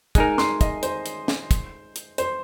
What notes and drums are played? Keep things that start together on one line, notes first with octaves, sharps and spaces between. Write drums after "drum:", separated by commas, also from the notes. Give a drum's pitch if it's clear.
G#3 D#4 A#4 G#5, drum: kick, hi-hat
C6, drum: snare
D#5, drum: kick, hi-hat
C5, drum: hi-hat
drum: hi-hat
drum: snare
drum: kick, hi-hat
drum: hi-hat
C5, drum: hi-hat